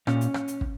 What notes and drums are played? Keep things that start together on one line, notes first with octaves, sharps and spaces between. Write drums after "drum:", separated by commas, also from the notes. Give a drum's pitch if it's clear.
A#2 C#4, drum: rim click
drum: hi-hat
drum: rim click
drum: hi-hat
drum: kick